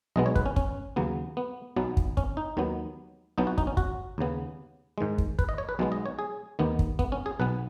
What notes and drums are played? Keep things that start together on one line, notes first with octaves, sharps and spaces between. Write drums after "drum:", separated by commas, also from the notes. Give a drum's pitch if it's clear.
B1 B2 G#3 B3 D#5
C#5
B4, drum: kick
C#4
C#4, drum: kick
D#2 C#3 F#3 B3
B3
B1 B2 F#3 B3
drum: kick
C#4, drum: kick
D#4
D#2 D#3 F#3 B3
B1 B2 F#3 B3 D#4
F#4
D#4, drum: kick
C#4
F#4, drum: kick
D#2 C#3 B3
G#2 D#3 G#3
drum: kick
B4, drum: kick
D#5
C#5
B4
B1 B2 G#3 B3
D#5
C#5
G#4
D#2 D#3 B3
drum: kick
B3, drum: kick
C#4
G#4
B1 B2 B3 B4